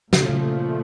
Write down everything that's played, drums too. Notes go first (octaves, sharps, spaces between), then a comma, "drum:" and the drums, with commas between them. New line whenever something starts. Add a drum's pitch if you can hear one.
A#2 C#3 F3 A3, drum: snare
C#3